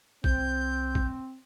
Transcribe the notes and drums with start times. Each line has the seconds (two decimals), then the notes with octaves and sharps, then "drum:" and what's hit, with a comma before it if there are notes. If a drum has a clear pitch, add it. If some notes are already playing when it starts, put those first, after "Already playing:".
0.24 C2 C4 G6, drum: kick
0.95 drum: kick